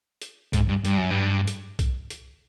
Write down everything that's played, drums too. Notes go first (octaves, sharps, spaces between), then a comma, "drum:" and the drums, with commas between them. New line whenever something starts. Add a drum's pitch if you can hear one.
drum: hi-hat
G#2, drum: kick B1, hi-hat
G2
G2, drum: hi-hat
F#2
G2
drum: hi-hat
drum: kick B1, hi-hat
drum: hi-hat